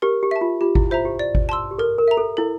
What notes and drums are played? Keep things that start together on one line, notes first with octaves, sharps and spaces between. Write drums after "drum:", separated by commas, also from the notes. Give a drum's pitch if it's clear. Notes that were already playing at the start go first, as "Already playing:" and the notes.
G4 A#4
G4
E5 A5
F4
F4 G4
E4, drum: kick G#1
F4 C5 E5 A#5
G4
D5
drum: kick G#1
A5 C6 E6
G4
A4 A#4
A#4
E5 A#5
A4
E4 A4